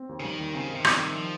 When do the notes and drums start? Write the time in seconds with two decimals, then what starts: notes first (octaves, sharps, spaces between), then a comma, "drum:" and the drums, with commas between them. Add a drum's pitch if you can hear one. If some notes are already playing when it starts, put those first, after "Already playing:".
Already playing: C4
0.09 D#2
0.20 C#3
0.24 D#3 G3
0.40 D#2
0.55 C#3 C4
0.69 D#3
0.75 C3
0.85 G3, drum: rim click
0.95 C3 D#3
1.15 F3